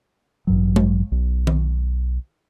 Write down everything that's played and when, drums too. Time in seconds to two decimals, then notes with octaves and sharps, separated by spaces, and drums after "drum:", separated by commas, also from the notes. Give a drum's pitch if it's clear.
0.47 A1 G2 F#3
0.76 drum: tom G#3
1.12 B1
1.47 drum: tom D#3